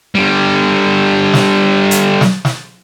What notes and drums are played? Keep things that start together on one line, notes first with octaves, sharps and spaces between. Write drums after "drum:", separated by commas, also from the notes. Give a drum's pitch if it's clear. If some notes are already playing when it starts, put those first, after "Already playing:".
D3 G3
drum: snare
drum: hi-hat
drum: snare
drum: snare